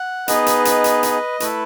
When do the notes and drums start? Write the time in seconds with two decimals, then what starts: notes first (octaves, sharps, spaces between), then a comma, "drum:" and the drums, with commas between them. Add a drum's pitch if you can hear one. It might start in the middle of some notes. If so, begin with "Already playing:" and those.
Already playing: F#5
0.28 B3 D#4 G#4 B4 D#5, drum: hi-hat
0.46 drum: hi-hat
0.65 drum: hi-hat
0.84 drum: hi-hat
1.03 drum: hi-hat
1.40 A3 E4 A4 B4, drum: hi-hat